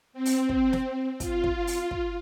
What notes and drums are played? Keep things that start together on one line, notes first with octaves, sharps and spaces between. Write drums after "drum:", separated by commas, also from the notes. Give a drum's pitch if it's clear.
C4
drum: open hi-hat
drum: kick
drum: snare
F4, drum: kick, hi-hat
drum: kick
drum: open hi-hat
drum: kick